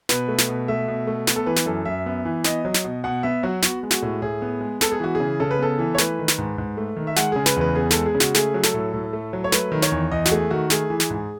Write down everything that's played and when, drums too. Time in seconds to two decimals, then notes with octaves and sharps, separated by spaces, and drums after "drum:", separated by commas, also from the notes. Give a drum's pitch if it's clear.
0.09 B2 B4, drum: snare
0.28 A3
0.39 drum: snare
0.48 B2
0.68 A3 E5
0.88 B2
1.07 A3
1.27 B3, drum: snare
1.36 A4
1.46 E3 B4
1.57 drum: snare
1.66 F#2 A4
1.85 F#2 E5
2.06 B3
2.25 E3
2.44 B3 D#5, drum: snare
2.65 F#3
2.74 drum: snare
2.84 B2
3.04 B2 F#5
3.23 B3 E5
3.43 F#3 F#4
3.63 B3 F#4, drum: snare
3.83 G#3
3.91 F#4, drum: snare
4.02 A2
4.22 A2 G#4
4.42 B3
4.61 G#3
4.81 B3 A4, drum: snare
4.91 G#4
5.00 E3 F#4
5.15 G#4
5.20 C#3
5.40 C#3 A4
5.51 B4
5.59 B3 A4
5.79 E3
5.95 C#5
5.98 A3 B4, drum: snare
6.19 D#3
6.28 drum: snare
6.38 G#2
6.58 G#2
6.77 A3
6.97 D#3
7.07 E5
7.17 G#3 F#5, drum: snare
7.32 C#3 G#4
7.46 B4, drum: snare
7.56 E2 B4
7.75 B3 G#4
7.91 A4, drum: snare
7.96 G#3
8.06 G#4
8.15 C#3
8.20 F#4, drum: snare
8.35 A3 G#4, drum: snare
8.54 F#3
8.64 A4, drum: snare
8.74 A2
8.94 A2
9.13 A3
9.33 F#3
9.44 C#5
9.52 A3 B4, drum: snare
9.72 D#3
9.82 C#5, drum: snare
9.92 E2
10.11 E2 D#5
10.26 F#4, drum: snare
10.31 A3 G#4
10.51 D#3 F#4
10.70 A3 G#4, drum: snare
10.90 E3
11.00 drum: snare
11.10 G#2